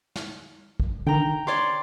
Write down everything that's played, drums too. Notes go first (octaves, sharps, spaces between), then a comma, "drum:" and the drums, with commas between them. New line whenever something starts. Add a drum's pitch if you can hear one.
drum: snare
drum: kick
D3 D#3 G5 A#5
C#5 D5 C6, drum: rim click